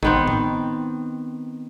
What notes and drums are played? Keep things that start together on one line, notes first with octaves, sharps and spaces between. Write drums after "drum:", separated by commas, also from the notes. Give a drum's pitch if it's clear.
D#3 B3 C4, drum: kick
drum: tom A2